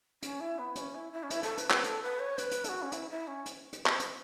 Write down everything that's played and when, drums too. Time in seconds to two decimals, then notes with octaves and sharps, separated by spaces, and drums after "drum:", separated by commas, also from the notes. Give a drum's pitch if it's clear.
0.23 C#4, drum: hi-hat
0.40 E4
0.58 B3
0.76 C#4, drum: hi-hat
0.94 E4
1.12 E4
1.23 C#4
1.30 E4, drum: hi-hat
1.43 A4, drum: hi-hat
1.58 B4, drum: hi-hat
1.70 B4, drum: clap
1.84 A4, drum: hi-hat
2.02 B4
2.19 C#5
2.38 B4, drum: hi-hat
2.51 drum: hi-hat
2.64 A4, drum: hi-hat
2.69 F#4
2.82 C#4
2.92 E4, drum: hi-hat
3.10 E4
3.27 C#4
3.46 drum: hi-hat
3.73 drum: hi-hat
3.86 drum: clap
4.00 drum: hi-hat